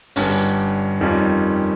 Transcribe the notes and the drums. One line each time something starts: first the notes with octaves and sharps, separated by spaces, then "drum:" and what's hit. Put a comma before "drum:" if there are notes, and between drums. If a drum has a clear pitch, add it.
G1 G2 G3 C#4, drum: open hi-hat
F2 D#3 G3 C#4 F4